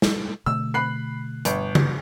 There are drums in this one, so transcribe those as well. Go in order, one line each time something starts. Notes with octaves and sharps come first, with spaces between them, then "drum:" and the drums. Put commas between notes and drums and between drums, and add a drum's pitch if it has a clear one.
drum: snare
B2 D3 A3 E6
B5 F#6 C7
G1, drum: hi-hat
drum: tom C#3